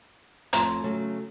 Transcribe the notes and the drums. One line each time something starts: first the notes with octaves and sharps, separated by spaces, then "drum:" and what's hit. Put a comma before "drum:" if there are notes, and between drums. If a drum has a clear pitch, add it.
F2 A2 G#5 A#5 C6, drum: hi-hat
C#3 F#3 A3